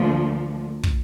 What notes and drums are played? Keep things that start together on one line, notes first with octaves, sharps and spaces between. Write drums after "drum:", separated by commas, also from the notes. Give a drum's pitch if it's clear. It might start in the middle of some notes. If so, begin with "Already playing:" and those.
Already playing: D2 D3 F3 A#3
drum: kick